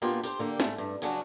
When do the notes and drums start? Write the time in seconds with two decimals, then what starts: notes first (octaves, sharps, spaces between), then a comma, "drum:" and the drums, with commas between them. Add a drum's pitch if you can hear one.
0.02 A#2 A#3 B3 D4 F4 G4
0.24 G4 A#4 C5, drum: tambourine
0.39 D3 A#3 G4
0.60 G#2 A3, drum: snare
0.78 G2
1.02 C#3 F#3 C#4 D4 E4 F#4, drum: tambourine